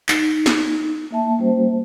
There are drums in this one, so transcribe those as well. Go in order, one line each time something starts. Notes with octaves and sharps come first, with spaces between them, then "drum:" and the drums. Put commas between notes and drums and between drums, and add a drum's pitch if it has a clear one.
D#4, drum: clap
drum: snare
A#3 E5 A5
G3 A#3 C#4 F#4 C5